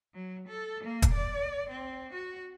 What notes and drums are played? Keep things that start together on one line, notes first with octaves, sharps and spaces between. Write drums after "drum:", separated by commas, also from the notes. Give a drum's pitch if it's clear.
F#3
A4
A#3
drum: kick, hi-hat
D5
C4
F#4